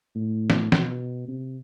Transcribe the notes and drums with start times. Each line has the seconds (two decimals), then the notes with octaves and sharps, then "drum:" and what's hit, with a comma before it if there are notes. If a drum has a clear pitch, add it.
0.15 A2
0.50 drum: snare
0.72 B2, drum: snare
1.28 C3